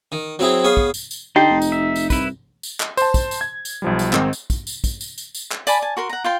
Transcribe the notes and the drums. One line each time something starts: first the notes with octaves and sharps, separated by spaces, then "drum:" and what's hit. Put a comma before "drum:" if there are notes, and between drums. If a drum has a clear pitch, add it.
D#3
F#3 C4 E4 G#4
B3 G#4 C#5 F5
drum: kick
drum: tambourine
drum: tambourine
D3 D#4 G4 G5 A5 C6
F1
drum: tambourine
E5
drum: tambourine
C2 E4 B4, drum: kick, tambourine
drum: tambourine
drum: clap
C5 A5, drum: tambourine
drum: kick, tambourine
drum: tambourine
G#6
drum: tambourine
B1 F3 G3
drum: tambourine
G#2 D#3 C4, drum: clap
drum: tambourine
drum: kick, tambourine
drum: tambourine
drum: kick, tambourine
drum: tambourine
drum: tambourine
drum: tambourine
drum: clap
D5 G#5 A5 B5, drum: tambourine
G#5 A5
F#4 A#4 C6
F#5 A#5
F4 G5 C6